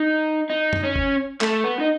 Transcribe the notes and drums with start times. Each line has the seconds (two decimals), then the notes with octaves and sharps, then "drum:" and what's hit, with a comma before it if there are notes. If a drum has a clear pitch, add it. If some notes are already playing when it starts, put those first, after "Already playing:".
Already playing: D#4
0.50 D#4
0.73 drum: tom F#2
0.84 C#4
0.96 drum: kick F#1
1.41 A3, drum: clap
1.64 B3
1.80 D#4